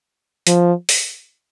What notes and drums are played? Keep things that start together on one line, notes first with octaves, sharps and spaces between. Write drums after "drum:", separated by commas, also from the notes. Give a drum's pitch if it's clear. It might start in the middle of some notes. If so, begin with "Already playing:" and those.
F3, drum: hi-hat
drum: open hi-hat